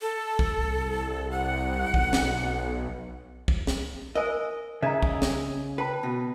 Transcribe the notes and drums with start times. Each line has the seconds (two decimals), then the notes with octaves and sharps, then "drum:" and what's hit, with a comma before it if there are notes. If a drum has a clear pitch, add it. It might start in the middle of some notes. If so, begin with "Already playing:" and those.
0.01 A4
0.39 drum: kick
0.63 C2
1.31 F#5
1.94 B1, drum: kick
2.13 drum: snare
3.48 drum: kick
3.67 drum: snare
4.15 A#4 C5 D#5 G#5
4.82 C#3 D#4 G#4 D#5 E5 A#5
5.03 drum: kick
5.22 drum: snare
5.78 B4 G5 A5
6.03 B2